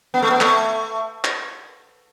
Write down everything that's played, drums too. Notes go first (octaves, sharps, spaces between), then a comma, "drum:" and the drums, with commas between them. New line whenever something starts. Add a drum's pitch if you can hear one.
B3
A3
B3
A3, drum: clap
drum: clap